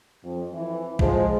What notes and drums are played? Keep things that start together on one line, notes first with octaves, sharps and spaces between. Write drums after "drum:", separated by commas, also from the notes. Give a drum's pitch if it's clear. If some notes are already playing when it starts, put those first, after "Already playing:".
F2
E3
F3 G#3, drum: kick A#1